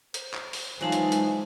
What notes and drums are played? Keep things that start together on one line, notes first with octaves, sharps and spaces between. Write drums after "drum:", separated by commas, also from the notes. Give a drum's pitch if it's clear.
C5, drum: hi-hat
drum: clap
drum: open hi-hat
E3 F#3 G#3 D#4 F4 C5 G#5 A5
drum: hi-hat
drum: hi-hat